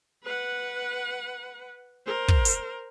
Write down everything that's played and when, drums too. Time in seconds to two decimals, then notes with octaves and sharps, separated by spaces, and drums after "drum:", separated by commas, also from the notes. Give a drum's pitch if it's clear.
0.23 B4 F#5
2.06 A#4 C5
2.28 drum: kick
2.45 drum: hi-hat